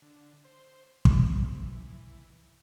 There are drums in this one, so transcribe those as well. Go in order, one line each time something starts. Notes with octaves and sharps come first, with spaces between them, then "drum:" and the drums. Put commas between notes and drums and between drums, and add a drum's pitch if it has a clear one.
D3
C5
C3, drum: kick
E3